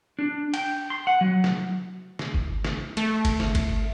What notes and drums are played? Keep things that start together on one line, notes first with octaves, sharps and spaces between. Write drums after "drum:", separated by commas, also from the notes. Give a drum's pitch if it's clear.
D4
G5, drum: cymbal
C6
F#5
F#3
drum: snare
drum: snare
drum: kick G1
drum: snare
A3, drum: cymbal
drum: kick G1, cymbal
drum: snare
drum: kick G1, cymbal